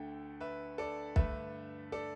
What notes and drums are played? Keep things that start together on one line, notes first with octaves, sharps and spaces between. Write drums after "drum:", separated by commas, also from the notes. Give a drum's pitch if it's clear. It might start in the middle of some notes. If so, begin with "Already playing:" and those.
Already playing: D2 D3 A3 G5
B4 E5
A4 D5
G2 D3 A3 B4 E5, drum: kick
A4 D5